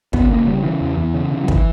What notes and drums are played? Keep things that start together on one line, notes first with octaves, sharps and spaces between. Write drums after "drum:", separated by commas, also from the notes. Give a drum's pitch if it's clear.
C#2 B3, drum: kick
C#2 A#3
C#3 G3
C#3 E3
E2
E2
C#3
C#3
F#3
E3, drum: kick